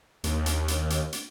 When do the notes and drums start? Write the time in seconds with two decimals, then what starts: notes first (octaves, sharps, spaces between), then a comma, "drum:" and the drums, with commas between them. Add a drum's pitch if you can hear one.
0.24 D#2, drum: hi-hat
0.46 drum: hi-hat
0.68 drum: hi-hat
0.90 drum: hi-hat
1.13 drum: hi-hat